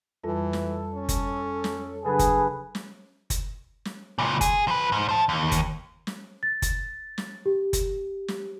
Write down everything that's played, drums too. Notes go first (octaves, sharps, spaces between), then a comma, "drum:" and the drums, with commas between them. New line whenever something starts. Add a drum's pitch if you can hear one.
F2 E3 G3 F4 A4
drum: snare
C#4
drum: kick F#1, hi-hat
drum: snare
C#3 F#3 D4 G#4 B4
drum: kick F#1, hi-hat
drum: snare
drum: kick F#1, hi-hat
drum: snare
C#2 A#2
G#4, drum: kick F#1, hi-hat
F3 B4
G#2
C5 A5
D#2
drum: kick F#1, hi-hat
drum: snare
A6
drum: kick F#1, hi-hat
drum: snare
G4
drum: kick F#1, hi-hat
drum: snare